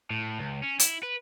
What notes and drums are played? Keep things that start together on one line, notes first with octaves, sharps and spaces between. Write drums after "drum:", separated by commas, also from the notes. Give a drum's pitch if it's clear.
A2
C#2
C#4
E4, drum: hi-hat
B4